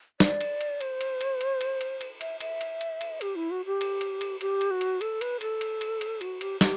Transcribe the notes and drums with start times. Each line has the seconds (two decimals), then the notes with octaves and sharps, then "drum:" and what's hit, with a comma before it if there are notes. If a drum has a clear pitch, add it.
0.20 D5, drum: snare
0.41 drum: cymbal
0.61 drum: cymbal
0.81 C5, drum: cymbal
1.01 drum: cymbal
1.21 drum: cymbal
1.41 drum: cymbal
1.61 drum: cymbal
1.81 drum: cymbal
2.01 drum: cymbal
2.21 E5, drum: cymbal
2.41 E5, drum: cymbal
2.61 drum: cymbal
2.81 drum: cymbal
3.01 drum: cymbal
3.21 G4, drum: cymbal
3.36 E4
3.51 F#4
3.66 G4
3.81 drum: cymbal
4.01 drum: cymbal
4.21 drum: cymbal
4.41 G4, drum: cymbal
4.61 drum: cymbal
4.71 F#4
4.81 drum: cymbal
5.01 A4, drum: cymbal
5.21 B4, drum: cymbal
5.41 A4, drum: cymbal
5.61 drum: cymbal
5.81 drum: cymbal
6.01 drum: cymbal
6.21 F#4, drum: cymbal
6.41 G4, drum: cymbal
6.61 G4, drum: snare